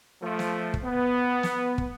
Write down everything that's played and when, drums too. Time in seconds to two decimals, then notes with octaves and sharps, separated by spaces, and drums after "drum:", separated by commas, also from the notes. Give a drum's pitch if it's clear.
0.21 F3 A3
0.39 drum: snare
0.74 drum: kick
0.83 B3
1.43 drum: snare
1.78 drum: kick